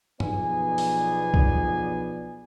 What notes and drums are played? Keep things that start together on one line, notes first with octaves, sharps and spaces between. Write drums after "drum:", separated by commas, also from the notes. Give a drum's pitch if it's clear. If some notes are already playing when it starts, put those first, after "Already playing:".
B1 F3 B3 G#4 D5 G#5, drum: tom G2
drum: open hi-hat
drum: kick C2